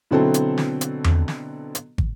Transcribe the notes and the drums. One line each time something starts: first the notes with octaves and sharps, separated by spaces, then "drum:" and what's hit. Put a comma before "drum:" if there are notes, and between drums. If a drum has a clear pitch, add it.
B2 D3 F#3 C4 E4 A4
drum: hi-hat
drum: snare
drum: hi-hat
drum: tom E2
drum: snare
drum: hi-hat
drum: kick